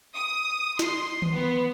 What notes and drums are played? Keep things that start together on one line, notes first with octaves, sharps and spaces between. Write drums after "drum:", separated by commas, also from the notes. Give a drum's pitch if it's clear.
D#6
C6, drum: snare
drum: tom D#3
B3